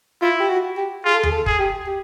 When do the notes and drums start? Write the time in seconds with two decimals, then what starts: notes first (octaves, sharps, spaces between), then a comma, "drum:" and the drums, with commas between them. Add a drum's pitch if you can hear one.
0.22 E4 F4
0.40 G4
0.50 F#4
0.77 G4
1.05 F4 G#4
1.14 A4
1.23 G#4, drum: tom D#2
1.32 A4
1.46 G#4, drum: kick
1.60 G4
1.87 G4